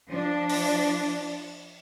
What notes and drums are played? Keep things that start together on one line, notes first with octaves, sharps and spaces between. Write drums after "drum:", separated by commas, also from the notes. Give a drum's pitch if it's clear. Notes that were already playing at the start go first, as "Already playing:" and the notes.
F3 D4
drum: open hi-hat